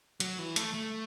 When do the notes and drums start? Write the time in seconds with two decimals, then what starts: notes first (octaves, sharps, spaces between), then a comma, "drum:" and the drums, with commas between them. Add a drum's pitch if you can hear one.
0.20 F#3, drum: hi-hat
0.39 E3
0.56 A3, drum: hi-hat
0.74 A3